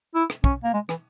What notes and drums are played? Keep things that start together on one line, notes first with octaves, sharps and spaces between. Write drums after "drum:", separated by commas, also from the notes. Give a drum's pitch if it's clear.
E4
drum: rim click
C#4, drum: kick
A#3
G#3
E3, drum: rim click